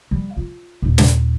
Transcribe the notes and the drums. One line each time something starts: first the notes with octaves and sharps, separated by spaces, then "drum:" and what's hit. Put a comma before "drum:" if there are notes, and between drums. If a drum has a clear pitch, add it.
G3
F4
D#1 D#4
drum: snare